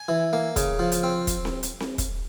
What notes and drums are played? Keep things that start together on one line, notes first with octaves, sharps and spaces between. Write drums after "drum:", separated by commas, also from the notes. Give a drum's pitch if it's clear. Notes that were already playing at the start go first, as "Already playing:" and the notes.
Already playing: G#5
E3
A#3
C#3, drum: kick, hi-hat
F3
drum: hi-hat
C4
drum: kick, hi-hat
drum: snare C4
drum: hi-hat
drum: snare C4
drum: kick, hi-hat